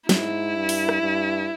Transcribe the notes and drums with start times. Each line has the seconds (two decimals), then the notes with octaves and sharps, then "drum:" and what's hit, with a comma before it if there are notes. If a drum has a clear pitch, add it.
0.09 G#2 E4, drum: snare
0.56 G2
0.69 drum: open hi-hat
0.89 drum: rim click
1.02 G2